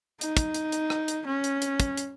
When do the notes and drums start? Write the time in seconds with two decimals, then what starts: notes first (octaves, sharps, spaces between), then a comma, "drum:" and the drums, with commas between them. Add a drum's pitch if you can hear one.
0.21 D#4, drum: hi-hat
0.37 drum: kick, hi-hat
0.54 drum: hi-hat
0.72 drum: hi-hat
0.90 drum: rim click
1.08 drum: hi-hat
1.26 C#4
1.44 drum: hi-hat
1.62 drum: hi-hat
1.80 drum: kick, hi-hat
1.97 drum: hi-hat